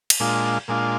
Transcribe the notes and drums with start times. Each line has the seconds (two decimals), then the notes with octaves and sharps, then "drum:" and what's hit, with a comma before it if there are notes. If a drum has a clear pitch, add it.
0.10 drum: cymbal
0.20 A#2 G#3 D4 F4
0.68 A#2 G#3 D4 F4